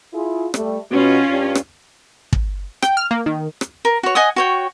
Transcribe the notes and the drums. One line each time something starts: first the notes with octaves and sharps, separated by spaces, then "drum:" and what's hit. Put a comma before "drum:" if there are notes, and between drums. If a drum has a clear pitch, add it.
E4 F4 G#4
G3 A3, drum: rim click
B2 C#4 F4
G2
drum: rim click
drum: kick
G5, drum: rim click
F6
A#3
D#3
drum: rim click
A#4
F#4 C#5
D#5 F#5 G#5 D#6
F#4 C#5 G5